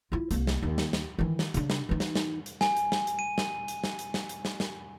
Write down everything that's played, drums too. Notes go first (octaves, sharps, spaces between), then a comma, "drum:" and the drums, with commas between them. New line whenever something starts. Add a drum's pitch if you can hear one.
E4 F4
C2 A#3, drum: hi-hat
drum: snare
D#2
drum: snare
drum: snare
D#3 E3
drum: snare
C#3 D4, drum: hi-hat
drum: snare
E3 D#4
drum: snare
drum: snare
drum: hi-hat
G#5, drum: snare
drum: hi-hat
drum: snare
drum: hi-hat
D#7
drum: snare
drum: hi-hat
drum: snare
drum: hi-hat
drum: snare
drum: hi-hat
drum: snare
drum: snare